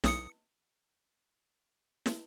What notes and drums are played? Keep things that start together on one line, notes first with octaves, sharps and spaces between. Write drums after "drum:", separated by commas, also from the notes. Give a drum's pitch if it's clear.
B1 D#6 C#7, drum: snare
drum: snare